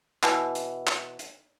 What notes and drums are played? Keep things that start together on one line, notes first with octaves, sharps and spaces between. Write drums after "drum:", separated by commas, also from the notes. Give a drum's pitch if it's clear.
B2 E3, drum: clap
drum: hi-hat
drum: clap
drum: hi-hat